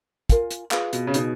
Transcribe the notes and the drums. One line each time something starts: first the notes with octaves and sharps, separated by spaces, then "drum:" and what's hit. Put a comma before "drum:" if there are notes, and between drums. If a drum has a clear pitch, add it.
F4 A#4 F5 G#5, drum: kick, hi-hat
drum: hi-hat
F4 G#4 B4 F5, drum: clap
B2, drum: hi-hat
C#3
B2 D#4 G#4 C#5, drum: hi-hat